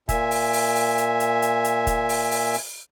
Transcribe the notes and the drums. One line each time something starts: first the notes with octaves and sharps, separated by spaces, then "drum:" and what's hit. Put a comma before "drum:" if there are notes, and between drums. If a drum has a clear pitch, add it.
A#2 E5 G#5, drum: kick F1, hi-hat
drum: open hi-hat
drum: open hi-hat
drum: open hi-hat
drum: hi-hat
drum: hi-hat
drum: hi-hat
drum: hi-hat
drum: kick F1, hi-hat
drum: open hi-hat
drum: open hi-hat
drum: open hi-hat